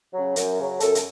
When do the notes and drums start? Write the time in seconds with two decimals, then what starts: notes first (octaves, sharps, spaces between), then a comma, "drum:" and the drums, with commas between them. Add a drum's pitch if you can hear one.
0.13 C#3 F#3
0.36 F#2, drum: hi-hat
0.58 C#3 F#3
0.80 F#2 A4, drum: hi-hat
0.95 drum: hi-hat